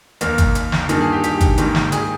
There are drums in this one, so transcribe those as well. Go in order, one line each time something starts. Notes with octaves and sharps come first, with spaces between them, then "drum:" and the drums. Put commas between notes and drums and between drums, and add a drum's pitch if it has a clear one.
D#2 D#3 A#3 A#4, drum: hi-hat
drum: kick G#1, hi-hat
drum: hi-hat
drum: snare
G2 D#3 A#3 G#4, drum: hi-hat
G#4
G4
G4, drum: hi-hat
drum: kick G#1, hi-hat
G#2 D#3 A#3, drum: hi-hat
drum: snare
G#4, drum: hi-hat